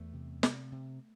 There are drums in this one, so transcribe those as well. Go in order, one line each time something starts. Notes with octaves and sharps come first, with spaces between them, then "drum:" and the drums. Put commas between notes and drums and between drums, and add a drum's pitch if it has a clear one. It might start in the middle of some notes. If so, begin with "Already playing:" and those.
Already playing: E2 A3 B3
C3
C3, drum: snare
C3